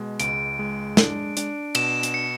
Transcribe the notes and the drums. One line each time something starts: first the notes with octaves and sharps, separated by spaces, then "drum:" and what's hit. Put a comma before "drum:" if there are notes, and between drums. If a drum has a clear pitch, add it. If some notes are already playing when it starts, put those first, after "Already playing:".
Already playing: B2 G#3
C#2 D7, drum: hi-hat
G#3
D4, drum: snare
D4, drum: hi-hat
B2 E7, drum: cymbal
drum: hi-hat
C#7